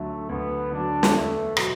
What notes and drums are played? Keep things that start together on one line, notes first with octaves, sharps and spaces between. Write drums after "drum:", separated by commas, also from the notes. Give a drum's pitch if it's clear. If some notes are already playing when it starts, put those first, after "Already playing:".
Already playing: D2 D3 F#3 A3
D2 B3
D3 F#3 D4
drum: snare
E2 A3
B2 F#3 B3, drum: rim click